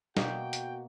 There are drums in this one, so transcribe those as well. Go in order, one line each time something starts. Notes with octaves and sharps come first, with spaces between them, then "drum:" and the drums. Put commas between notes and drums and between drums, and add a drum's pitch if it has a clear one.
B2 A#3 F#4 G5, drum: snare
drum: hi-hat